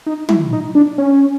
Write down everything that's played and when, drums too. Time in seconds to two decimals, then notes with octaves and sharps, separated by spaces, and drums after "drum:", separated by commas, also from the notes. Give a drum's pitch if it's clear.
0.06 D#4
0.29 E4, drum: tom
0.53 D#4
0.75 D4
0.98 C#4